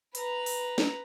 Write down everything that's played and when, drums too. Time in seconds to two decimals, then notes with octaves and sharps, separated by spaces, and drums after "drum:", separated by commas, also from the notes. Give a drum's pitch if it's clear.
0.15 B4 A#5, drum: hi-hat
0.46 drum: open hi-hat
0.78 drum: snare